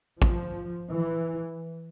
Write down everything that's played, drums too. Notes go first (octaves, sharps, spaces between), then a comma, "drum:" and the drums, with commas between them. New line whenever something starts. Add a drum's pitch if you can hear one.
F3, drum: kick A1
E3